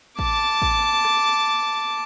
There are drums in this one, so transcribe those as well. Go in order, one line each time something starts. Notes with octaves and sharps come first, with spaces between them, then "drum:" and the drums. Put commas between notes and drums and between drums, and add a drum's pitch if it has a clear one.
A5 D6, drum: kick A1
drum: kick A1
drum: rim click